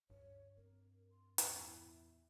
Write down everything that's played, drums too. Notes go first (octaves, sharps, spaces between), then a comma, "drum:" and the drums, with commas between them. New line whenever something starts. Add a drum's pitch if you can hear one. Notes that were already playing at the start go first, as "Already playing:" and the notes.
D2 G2 C#5
C4 A#4
C6
E2 A2 E4, drum: hi-hat